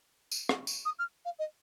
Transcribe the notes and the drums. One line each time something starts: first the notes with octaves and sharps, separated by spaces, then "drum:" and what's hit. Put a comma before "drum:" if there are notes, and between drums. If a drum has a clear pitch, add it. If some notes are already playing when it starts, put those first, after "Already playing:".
drum: tambourine
drum: rim click
drum: tambourine
D#6
F6
F5
D#5